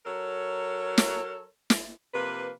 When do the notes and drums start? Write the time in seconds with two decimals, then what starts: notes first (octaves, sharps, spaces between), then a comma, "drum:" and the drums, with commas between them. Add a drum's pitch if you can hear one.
0.05 F#3 A4 A#4 C#5
0.98 drum: snare
1.70 drum: snare
2.13 C3 F3 A#3 B4